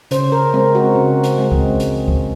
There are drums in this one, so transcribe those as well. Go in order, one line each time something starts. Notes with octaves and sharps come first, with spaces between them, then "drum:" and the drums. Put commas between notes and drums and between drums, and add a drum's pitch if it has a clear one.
C#3 C5, drum: hi-hat
A#4
G#3 C4
F#4
C#3
drum: hi-hat
G#3 C4
drum: kick C#2
drum: hi-hat
drum: kick C#2